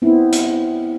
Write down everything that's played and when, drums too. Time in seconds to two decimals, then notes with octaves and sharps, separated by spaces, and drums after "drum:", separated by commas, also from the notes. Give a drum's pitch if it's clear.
0.02 B3 C4 E4
0.33 drum: hi-hat